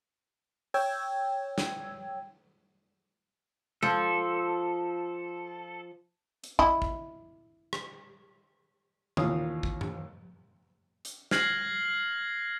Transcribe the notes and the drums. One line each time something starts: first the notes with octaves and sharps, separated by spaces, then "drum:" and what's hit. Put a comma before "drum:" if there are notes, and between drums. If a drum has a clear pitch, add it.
C#5 G5 E6 G#6, drum: open hi-hat
drum: snare
F3 A4, drum: tom G#3
drum: hi-hat
E4 D#5, drum: kick
drum: kick
drum: rim click
D#2 A#2 E3 C#5 F5 D#6, drum: tom C#3
drum: kick
drum: tom G2
drum: hi-hat
F6 F#6 G#6 A#6 C7 F#7, drum: snare